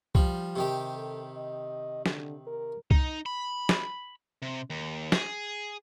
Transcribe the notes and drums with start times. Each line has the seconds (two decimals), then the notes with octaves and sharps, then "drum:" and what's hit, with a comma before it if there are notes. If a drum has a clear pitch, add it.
0.15 F3 G3, drum: kick C2
0.56 C3 D#3 G4
0.96 A4
1.34 D#5
2.06 D3, drum: snare
2.47 A#4
2.91 D#4, drum: kick C2
3.26 B5
3.69 drum: snare
4.42 C3
4.70 D#2
5.12 G#4, drum: snare